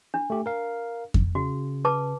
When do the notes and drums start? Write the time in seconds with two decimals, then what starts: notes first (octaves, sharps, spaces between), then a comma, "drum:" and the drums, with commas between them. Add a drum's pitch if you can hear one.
0.14 D4
0.30 A3 G4
0.46 A#4 F5
1.14 drum: kick F2
1.35 C#3 F#4
1.85 B4 A5 D6